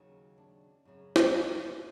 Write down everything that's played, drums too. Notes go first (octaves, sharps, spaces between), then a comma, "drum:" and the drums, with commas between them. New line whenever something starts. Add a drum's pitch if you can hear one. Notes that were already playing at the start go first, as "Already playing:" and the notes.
Already playing: D#2 C#3 F#3
D4
F#2 C#3 F#3
drum: snare
E4